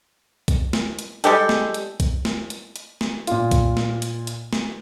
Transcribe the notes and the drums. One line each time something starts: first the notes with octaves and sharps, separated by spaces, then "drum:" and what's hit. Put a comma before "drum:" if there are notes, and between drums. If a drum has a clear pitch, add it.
drum: kick B1, hi-hat
drum: snare
drum: hi-hat
G3 G#3 G4 A4, drum: hi-hat
drum: snare
drum: hi-hat
drum: kick B1, hi-hat
drum: snare
drum: hi-hat
drum: hi-hat
drum: snare
A#2 F4, drum: hi-hat
drum: kick B1, hi-hat
drum: snare
drum: hi-hat
drum: hi-hat
drum: snare